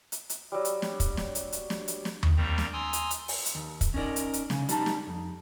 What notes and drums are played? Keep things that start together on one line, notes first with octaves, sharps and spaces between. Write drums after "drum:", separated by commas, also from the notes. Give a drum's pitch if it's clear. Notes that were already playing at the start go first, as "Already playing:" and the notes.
drum: hi-hat
drum: hi-hat
F#3 G3
drum: hi-hat
drum: snare
drum: kick, hi-hat
drum: snare
drum: hi-hat
drum: hi-hat
drum: snare
drum: hi-hat
drum: snare
drum: tom D#2
D#2 D#3 G3 C4 A#5
drum: snare
G#5 A#5 C6 D#6 E6
drum: hi-hat
drum: hi-hat
drum: open hi-hat
drum: hi-hat
D#2
drum: kick, hi-hat
C#4 D#4 A#4 D5
drum: hi-hat
drum: hi-hat
C2 C#3, drum: snare
G3 D#4 A5, drum: hi-hat
drum: snare
F2